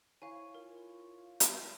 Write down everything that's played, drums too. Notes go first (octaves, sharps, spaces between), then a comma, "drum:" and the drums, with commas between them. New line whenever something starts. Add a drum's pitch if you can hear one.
E4 C#5 F5 G#5
F4 A#4
drum: hi-hat